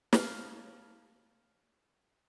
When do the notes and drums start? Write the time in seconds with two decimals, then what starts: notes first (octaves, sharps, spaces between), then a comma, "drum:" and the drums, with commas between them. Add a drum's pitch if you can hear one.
0.13 F5 A5, drum: snare